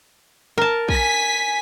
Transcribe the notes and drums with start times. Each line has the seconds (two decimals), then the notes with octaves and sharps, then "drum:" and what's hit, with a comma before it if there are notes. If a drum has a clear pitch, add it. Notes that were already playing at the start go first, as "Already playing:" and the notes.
0.58 A#4 A5
0.88 G#5 B6, drum: kick